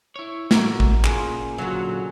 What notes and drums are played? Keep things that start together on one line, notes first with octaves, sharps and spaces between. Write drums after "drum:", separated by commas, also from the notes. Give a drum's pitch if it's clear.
E4 C#5
A3 F#4 A#4 D6, drum: snare
drum: kick A1
A#2 C#3 F4 G#4, drum: clap
D3 F#3